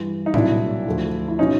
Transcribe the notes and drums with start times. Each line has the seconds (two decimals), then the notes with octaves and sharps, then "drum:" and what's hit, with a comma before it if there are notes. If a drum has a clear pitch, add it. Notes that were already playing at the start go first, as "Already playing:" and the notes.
Already playing: G2 E3
0.26 D#4
0.34 C2 A#2 F#3 D4 E4, drum: tom A2
0.86 D2 D3 F3
1.28 E4
1.39 B2 F#3 C#4 D#4